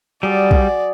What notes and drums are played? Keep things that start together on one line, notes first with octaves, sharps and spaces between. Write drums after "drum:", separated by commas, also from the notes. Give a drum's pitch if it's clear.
F#3 G3 G#4 D5
drum: kick